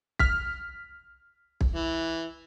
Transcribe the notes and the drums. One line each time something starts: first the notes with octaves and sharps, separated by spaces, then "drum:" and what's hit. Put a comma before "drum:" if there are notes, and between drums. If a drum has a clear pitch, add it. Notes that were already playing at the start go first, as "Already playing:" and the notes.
F6 B6, drum: kick
drum: kick
E3